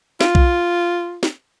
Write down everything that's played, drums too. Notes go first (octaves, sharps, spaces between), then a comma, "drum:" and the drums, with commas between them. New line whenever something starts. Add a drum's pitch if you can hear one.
F4, drum: snare
drum: kick B1
drum: snare